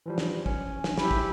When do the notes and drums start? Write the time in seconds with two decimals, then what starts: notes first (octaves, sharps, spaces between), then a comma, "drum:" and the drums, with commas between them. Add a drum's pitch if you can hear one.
0.06 E3 F3 G3
0.18 drum: snare
0.46 C#4, drum: kick
0.84 drum: snare
0.98 E4 G4 B5, drum: snare
1.11 drum: kick